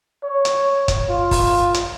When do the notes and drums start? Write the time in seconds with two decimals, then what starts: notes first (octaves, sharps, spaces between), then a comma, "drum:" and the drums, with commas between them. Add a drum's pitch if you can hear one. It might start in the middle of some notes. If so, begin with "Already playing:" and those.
0.23 C#5
0.45 drum: hi-hat
0.88 drum: kick, hi-hat
1.09 F4
1.31 drum: kick, open hi-hat
1.74 drum: hi-hat